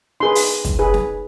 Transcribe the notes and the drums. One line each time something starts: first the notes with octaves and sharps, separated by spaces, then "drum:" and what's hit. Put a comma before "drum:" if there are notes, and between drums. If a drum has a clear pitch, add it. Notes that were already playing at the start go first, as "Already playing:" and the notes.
D#4 G#4 B4 C6
drum: open hi-hat
drum: kick, hi-hat
D#4 G#4 B4
drum: snare